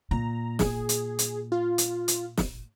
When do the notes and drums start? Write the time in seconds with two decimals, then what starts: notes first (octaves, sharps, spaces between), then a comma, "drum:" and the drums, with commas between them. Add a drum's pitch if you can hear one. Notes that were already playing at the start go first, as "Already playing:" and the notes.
0.11 A#2 A#5
0.59 G#4, drum: snare
0.89 drum: hi-hat
1.19 drum: hi-hat
1.52 F4
1.78 drum: hi-hat
2.08 drum: hi-hat
2.38 drum: snare